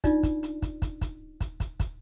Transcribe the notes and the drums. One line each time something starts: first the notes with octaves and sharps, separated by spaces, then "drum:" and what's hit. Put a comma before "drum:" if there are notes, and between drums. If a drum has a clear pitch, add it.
D4 D#4 F4 D5, drum: kick, hi-hat
drum: kick, hi-hat
drum: hi-hat
drum: kick, hi-hat
drum: kick, hi-hat
drum: kick, hi-hat
drum: kick, hi-hat
drum: kick, hi-hat
drum: kick, hi-hat